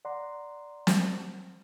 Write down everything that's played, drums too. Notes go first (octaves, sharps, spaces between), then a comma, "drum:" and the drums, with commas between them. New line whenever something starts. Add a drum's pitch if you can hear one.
D5 F#5 A#5 C6
drum: snare